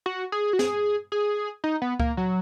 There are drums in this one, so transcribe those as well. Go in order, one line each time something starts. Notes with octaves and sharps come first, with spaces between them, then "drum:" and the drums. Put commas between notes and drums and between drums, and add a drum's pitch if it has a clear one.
F#4
G#4
F#4
G#4, drum: snare
G#4
D#4
B3
A#3, drum: kick C#2
F#3